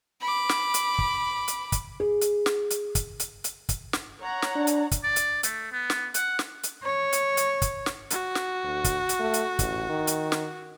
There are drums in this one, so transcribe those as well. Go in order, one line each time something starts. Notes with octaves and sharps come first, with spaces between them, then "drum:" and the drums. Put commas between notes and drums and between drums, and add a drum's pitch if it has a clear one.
B5 D6
drum: snare
drum: hi-hat
drum: kick
drum: hi-hat
drum: kick, hi-hat
G#4
drum: hi-hat
drum: snare
drum: hi-hat
drum: kick, hi-hat
drum: hi-hat
drum: hi-hat
drum: kick, hi-hat
drum: snare
C#5 F#5 A#5
drum: snare
D4
drum: hi-hat
drum: kick, hi-hat
D5
drum: hi-hat
A3, drum: hi-hat
B3
drum: snare
F#5, drum: hi-hat
drum: snare
drum: hi-hat
C#5
drum: hi-hat
drum: hi-hat
drum: kick, hi-hat
drum: snare
F#4, drum: hi-hat
drum: snare
D2
drum: kick, hi-hat
drum: hi-hat
A3
drum: hi-hat
A1, drum: kick, hi-hat
D#3
drum: hi-hat
drum: snare